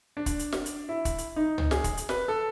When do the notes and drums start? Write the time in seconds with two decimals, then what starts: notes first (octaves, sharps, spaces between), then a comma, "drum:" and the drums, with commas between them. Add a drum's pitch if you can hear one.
0.17 D4
0.26 drum: kick, hi-hat
0.39 drum: hi-hat
0.52 drum: snare
0.66 drum: hi-hat
0.89 E4
1.05 drum: kick, hi-hat
1.18 drum: hi-hat
1.36 D#4
1.58 drum: tom
1.71 G#4, drum: snare
1.84 drum: kick, hi-hat
1.97 drum: hi-hat
2.09 B4, drum: snare
2.28 A4